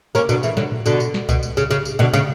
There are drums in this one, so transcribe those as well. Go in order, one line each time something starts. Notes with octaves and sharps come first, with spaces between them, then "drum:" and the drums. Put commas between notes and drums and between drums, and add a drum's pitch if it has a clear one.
A#3 C#4, drum: tambourine
B2 D3, drum: tambourine
C#3 E3, drum: tambourine
D3 F#3, drum: snare
drum: tom A2
B2 D3, drum: tambourine
drum: tambourine
drum: snare
B2, drum: kick C2, tambourine
drum: tambourine
C#3, drum: tambourine
C#3, drum: tambourine
drum: tambourine
B2 D3
C#3, drum: tambourine